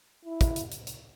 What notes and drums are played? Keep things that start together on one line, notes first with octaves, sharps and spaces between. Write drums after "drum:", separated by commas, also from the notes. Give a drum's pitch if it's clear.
E4
drum: kick, hi-hat
drum: hi-hat
drum: hi-hat
drum: hi-hat